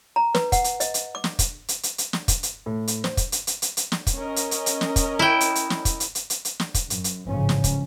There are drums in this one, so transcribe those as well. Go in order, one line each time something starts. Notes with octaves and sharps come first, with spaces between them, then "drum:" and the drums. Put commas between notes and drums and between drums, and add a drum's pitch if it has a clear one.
A#5
B4, drum: snare
F#5, drum: kick, hi-hat
drum: hi-hat
D#5, drum: hi-hat
drum: hi-hat
D6
drum: snare
drum: kick, hi-hat
drum: hi-hat
drum: hi-hat
drum: hi-hat
drum: snare
drum: kick, hi-hat
drum: hi-hat
A2
drum: hi-hat
C5, drum: snare
drum: kick, hi-hat
drum: hi-hat
drum: hi-hat
drum: hi-hat
drum: hi-hat
drum: snare
drum: kick, hi-hat
C#4 A#4 D#5
drum: hi-hat
drum: hi-hat
drum: hi-hat
drum: snare
drum: kick, hi-hat
E4 G5
drum: hi-hat
drum: hi-hat
drum: snare
drum: kick, hi-hat
drum: hi-hat
drum: hi-hat
drum: hi-hat
drum: hi-hat
drum: snare
drum: kick, hi-hat
F#2, drum: hi-hat
drum: hi-hat
A1 G#2 C#3 F3 C#4
drum: snare
drum: kick, hi-hat